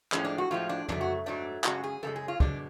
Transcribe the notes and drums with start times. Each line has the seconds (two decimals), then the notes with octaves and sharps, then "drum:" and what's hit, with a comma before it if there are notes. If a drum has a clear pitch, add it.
0.12 A2 F3 G#3 C#4, drum: clap
0.24 D4
0.38 F#4
0.51 A2 F3 G#3 F4
0.69 D4
0.88 G#2 F#3 A3 D4, drum: tom
1.01 F#4
1.26 G#2 F#3 A3 D4
1.64 F#2 C#3 G#3 F#4, drum: clap
1.84 G#4
2.03 F#2 C#3 G#3 A4
2.16 G#4
2.28 F4
2.40 B2 G#3 D4, drum: kick